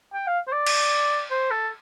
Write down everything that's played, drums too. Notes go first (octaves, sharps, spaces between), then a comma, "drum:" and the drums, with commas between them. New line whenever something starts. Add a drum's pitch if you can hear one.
G5
F5
C5
D5
drum: cymbal
C5
A4